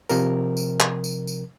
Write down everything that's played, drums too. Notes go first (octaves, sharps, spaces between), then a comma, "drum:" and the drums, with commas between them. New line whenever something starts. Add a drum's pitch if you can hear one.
C3 F3 A#4, drum: tambourine
drum: tambourine
drum: clap
drum: tambourine
drum: tambourine